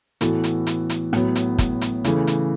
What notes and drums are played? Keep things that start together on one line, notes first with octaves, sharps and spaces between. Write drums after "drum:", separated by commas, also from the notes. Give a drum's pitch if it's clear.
A2 E3 B3 F#4 A4, drum: hi-hat
drum: hi-hat
drum: hi-hat
drum: hi-hat
A2 F#3 B3, drum: rim click
drum: hi-hat
drum: kick, hi-hat
drum: hi-hat
C#3 E3 A3, drum: hi-hat
drum: hi-hat